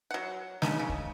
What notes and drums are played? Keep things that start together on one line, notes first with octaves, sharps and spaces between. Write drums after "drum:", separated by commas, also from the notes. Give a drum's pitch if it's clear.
F#3 F#5
C#3 F3 D4 D#4, drum: snare
C#3
drum: kick C#2